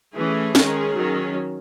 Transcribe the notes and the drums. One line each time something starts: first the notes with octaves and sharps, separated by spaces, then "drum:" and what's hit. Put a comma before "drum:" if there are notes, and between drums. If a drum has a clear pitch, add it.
E3 A3 C#4 G#4
D#3 G#3 C#4, drum: snare
D#3 F#3 C#4